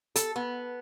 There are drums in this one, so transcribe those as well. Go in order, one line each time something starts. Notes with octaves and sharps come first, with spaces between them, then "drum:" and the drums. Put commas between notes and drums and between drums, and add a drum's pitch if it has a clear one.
A4, drum: hi-hat
B3